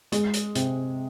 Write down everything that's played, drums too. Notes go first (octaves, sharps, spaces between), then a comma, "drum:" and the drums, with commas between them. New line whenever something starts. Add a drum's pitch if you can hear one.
G#3, drum: hi-hat
drum: hi-hat
C3, drum: hi-hat